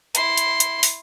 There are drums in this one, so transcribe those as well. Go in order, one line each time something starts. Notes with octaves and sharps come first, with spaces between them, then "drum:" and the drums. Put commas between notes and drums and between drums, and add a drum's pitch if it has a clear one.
E4 C6, drum: hi-hat
drum: hi-hat
drum: hi-hat
drum: open hi-hat